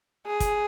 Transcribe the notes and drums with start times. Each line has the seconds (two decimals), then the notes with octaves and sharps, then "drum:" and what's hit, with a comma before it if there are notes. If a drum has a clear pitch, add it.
0.26 G#4
0.40 drum: kick, hi-hat